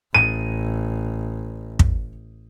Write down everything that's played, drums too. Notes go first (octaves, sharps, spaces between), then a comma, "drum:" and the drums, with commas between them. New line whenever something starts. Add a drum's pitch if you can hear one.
A1 D#7
drum: kick